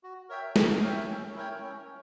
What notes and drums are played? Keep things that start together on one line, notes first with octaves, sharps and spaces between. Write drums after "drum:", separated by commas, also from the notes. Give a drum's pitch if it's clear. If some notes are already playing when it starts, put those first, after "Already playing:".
F#4
A#4 C#5 E5 G5
F#4, drum: snare
A#4 C#5 E5 G5
C#4
E4 A#4 C#5 G5
C#4